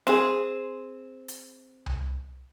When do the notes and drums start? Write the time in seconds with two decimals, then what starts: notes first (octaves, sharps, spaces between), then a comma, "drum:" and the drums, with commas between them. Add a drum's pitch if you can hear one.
0.07 C4 G#4, drum: snare
1.28 drum: hi-hat
1.86 drum: tom C2